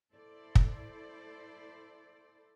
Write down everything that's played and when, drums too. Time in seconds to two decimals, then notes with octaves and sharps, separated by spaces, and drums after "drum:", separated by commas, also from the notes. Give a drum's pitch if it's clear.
0.13 E4 A4 C5 D5
0.55 drum: kick